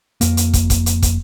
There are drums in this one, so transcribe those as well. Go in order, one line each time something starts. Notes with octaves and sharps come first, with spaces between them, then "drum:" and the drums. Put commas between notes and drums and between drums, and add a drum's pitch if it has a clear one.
F2 A#3, drum: hi-hat
drum: hi-hat
drum: kick, hi-hat
drum: kick, hi-hat
drum: hi-hat
drum: kick, hi-hat